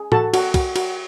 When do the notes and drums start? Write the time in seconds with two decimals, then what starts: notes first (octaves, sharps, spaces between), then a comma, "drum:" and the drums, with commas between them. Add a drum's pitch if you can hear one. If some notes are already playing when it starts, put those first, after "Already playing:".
Already playing: G#4
0.12 F#4 A4 A5, drum: tom A2
0.34 F#4, drum: cymbal
0.54 F#4, drum: kick, cymbal
0.76 F#4, drum: cymbal